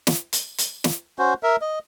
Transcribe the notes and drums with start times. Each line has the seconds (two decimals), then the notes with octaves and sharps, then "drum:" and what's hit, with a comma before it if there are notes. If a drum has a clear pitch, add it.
0.07 drum: snare
0.33 drum: hi-hat
0.58 drum: hi-hat
0.84 drum: snare
1.19 C#4 F#4 C5
1.43 A#4 E5
1.61 D#5